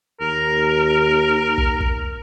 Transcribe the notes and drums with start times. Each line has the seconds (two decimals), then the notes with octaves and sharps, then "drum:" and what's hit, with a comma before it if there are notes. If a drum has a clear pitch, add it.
0.21 D#2 A#4
1.58 drum: kick
1.80 drum: kick